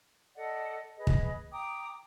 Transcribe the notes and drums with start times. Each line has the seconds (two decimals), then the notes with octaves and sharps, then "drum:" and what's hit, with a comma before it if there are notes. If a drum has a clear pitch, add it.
0.36 A4 D5 D#5 F#5
0.98 G#4 B4 D#5
1.07 drum: kick
1.53 G5 A#5 D6 D#6